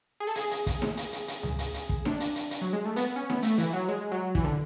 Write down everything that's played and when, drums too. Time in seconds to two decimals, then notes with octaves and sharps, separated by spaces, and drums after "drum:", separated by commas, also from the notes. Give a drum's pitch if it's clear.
0.20 G#4
0.27 A4
0.35 G#4, drum: hi-hat
0.51 drum: hi-hat
0.66 drum: kick, hi-hat
0.82 drum: snare D#4
0.97 drum: hi-hat
1.13 drum: hi-hat
1.28 drum: hi-hat
1.43 drum: tom C#2
1.59 drum: hi-hat
1.74 drum: hi-hat
1.89 drum: kick
2.05 D4, drum: snare D#4
2.20 drum: hi-hat
2.35 drum: hi-hat
2.51 drum: hi-hat
2.61 F#3
2.73 G#3
2.85 A3
2.96 B3, drum: hi-hat
3.16 C#4
3.30 B3, drum: snare D#4
3.43 A3, drum: hi-hat
3.58 E3, drum: hi-hat
3.73 F#3
3.89 G#3
4.12 F#3
4.35 E3, drum: kick
4.44 D3